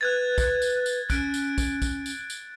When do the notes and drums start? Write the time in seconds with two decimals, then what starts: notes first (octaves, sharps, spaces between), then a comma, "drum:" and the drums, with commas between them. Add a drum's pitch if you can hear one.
0.01 B4 F#6 G#6 A6
0.38 drum: kick, tambourine
0.62 drum: tambourine
0.86 drum: tambourine
1.10 C#4 F#6 D7, drum: kick, tambourine
1.34 drum: tambourine
1.58 drum: kick, tambourine
1.82 drum: kick, tambourine
2.06 drum: tambourine
2.30 drum: tambourine